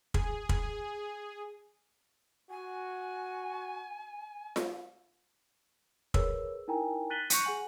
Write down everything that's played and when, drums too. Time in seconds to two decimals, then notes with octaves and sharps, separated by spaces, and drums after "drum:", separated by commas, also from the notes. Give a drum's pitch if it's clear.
0.14 G#4, drum: kick
0.49 G#4, drum: kick
2.50 F#4 G#5
4.56 drum: snare F4
6.14 G#4 A#4 B4 C#5 E6, drum: kick
6.68 D#4 E4 A#4 G5 G#5 A#5
7.10 F#6 A6 B6 D#7 F#7 G7
7.30 C#6 F#6 G6 A#6 C#7 D#7, drum: hi-hat
7.44 G#4 F#5 G#5 F#7